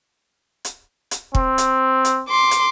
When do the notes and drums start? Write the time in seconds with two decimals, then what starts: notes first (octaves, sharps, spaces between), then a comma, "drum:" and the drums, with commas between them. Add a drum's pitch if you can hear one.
0.65 drum: hi-hat
1.11 drum: hi-hat
1.35 C4, drum: kick
1.58 drum: hi-hat
2.05 drum: hi-hat
2.28 C6 D6
2.51 drum: hi-hat